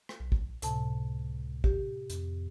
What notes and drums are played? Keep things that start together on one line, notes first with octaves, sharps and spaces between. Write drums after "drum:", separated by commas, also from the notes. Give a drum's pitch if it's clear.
drum: rim click
B1
drum: kick
C#2 A2 C3 A5, drum: hi-hat
G4, drum: kick
F2, drum: hi-hat